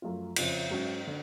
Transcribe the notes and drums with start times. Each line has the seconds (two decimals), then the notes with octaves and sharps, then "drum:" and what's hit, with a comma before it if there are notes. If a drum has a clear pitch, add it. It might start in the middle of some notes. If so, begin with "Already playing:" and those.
0.02 F#2 F3 A3 F4
0.36 F2 C#3 F3, drum: cymbal
0.70 G#2 F#3 C#4 F#4
1.07 D3